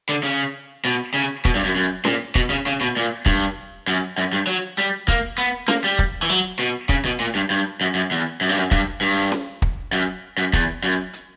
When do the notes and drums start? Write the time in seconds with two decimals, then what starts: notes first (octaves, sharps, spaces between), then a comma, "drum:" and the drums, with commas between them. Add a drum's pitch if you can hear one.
0.09 D3
0.23 C#3, drum: hi-hat
0.85 B2, drum: hi-hat
1.14 C#3
1.45 B2, drum: kick, hi-hat
1.55 G2
1.65 F#2
1.76 F#2
2.05 A#2, drum: snare C#4
2.35 B2, drum: kick
2.50 C#3
2.66 C#3, drum: hi-hat
2.81 B2
2.97 A#2
3.26 G2, drum: kick, hi-hat
3.87 F#2, drum: hi-hat
4.18 F#2
4.32 G2
4.47 F#3, drum: hi-hat
4.78 G3
5.08 A#3, drum: kick, hi-hat
5.38 B3
5.68 A#3, drum: snare C#4
5.84 G3
5.99 drum: kick
6.23 E3
6.29 F#3, drum: hi-hat
6.59 B2
6.89 C#3, drum: kick, hi-hat
7.05 B2
7.20 A#2
7.35 G2
7.50 G2, drum: hi-hat
7.81 F#2
7.95 F#2
8.11 E2, drum: hi-hat
8.41 F#2
8.49 G2
8.58 F#2
8.71 G2, drum: kick, hi-hat
9.01 G2
9.32 drum: snare C#4
9.62 drum: kick
9.92 F#2, drum: hi-hat
10.38 F#2
10.53 E2, drum: kick, hi-hat
10.84 F#2
11.13 drum: hi-hat